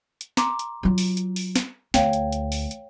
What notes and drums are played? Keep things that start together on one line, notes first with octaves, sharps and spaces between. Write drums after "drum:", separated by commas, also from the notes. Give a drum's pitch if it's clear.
drum: hi-hat
A#5 C6 D6, drum: snare
drum: hi-hat
F#3 F4
drum: open hi-hat
drum: hi-hat
drum: open hi-hat
drum: snare
D2 C#5 F5 G5, drum: snare
drum: hi-hat
drum: hi-hat
drum: open hi-hat
drum: hi-hat